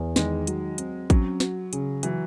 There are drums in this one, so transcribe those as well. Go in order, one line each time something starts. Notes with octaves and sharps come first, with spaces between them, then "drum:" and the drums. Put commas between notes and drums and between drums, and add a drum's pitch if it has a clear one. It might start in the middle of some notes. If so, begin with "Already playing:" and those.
Already playing: E2
D#3 G#3, drum: snare
F#3, drum: hi-hat
C4, drum: hi-hat
F#3 C#4, drum: kick, hi-hat
F#4, drum: snare
C#3, drum: hi-hat
E3 F#3, drum: hi-hat